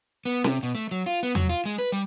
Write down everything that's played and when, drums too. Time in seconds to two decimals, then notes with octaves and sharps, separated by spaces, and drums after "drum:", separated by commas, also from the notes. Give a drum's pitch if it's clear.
0.25 B3
0.44 C3, drum: snare
0.63 B2
0.75 A3
0.91 F#3
1.06 F4
1.23 B3
1.35 F#3, drum: tom E2
1.49 F4
1.66 G#3
1.78 B4
1.92 G3